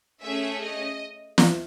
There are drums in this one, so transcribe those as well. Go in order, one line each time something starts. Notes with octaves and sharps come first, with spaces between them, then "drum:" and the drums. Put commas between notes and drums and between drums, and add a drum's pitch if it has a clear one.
A3 C#4 G#4 E5
D#5
drum: snare